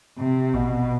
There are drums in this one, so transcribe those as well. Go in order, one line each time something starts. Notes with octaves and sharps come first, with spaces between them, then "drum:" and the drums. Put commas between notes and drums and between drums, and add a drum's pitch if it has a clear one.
C3
B2, drum: kick A1